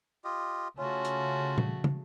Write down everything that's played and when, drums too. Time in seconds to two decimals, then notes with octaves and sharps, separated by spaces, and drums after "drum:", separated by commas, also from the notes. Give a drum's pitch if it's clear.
0.24 F4 G4 D#5
0.78 C#3 A3 C#4 F4 F#4
1.05 drum: hi-hat
1.58 drum: tom A#2
1.84 drum: tom